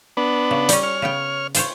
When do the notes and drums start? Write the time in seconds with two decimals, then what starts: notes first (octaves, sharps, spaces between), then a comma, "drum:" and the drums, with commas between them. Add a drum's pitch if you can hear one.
0.17 B3 D4
0.51 C#3
0.69 G3 C#4, drum: hi-hat
0.83 C#5 F6
1.02 C#3 B3 G5
1.55 F4 C5 C#5, drum: hi-hat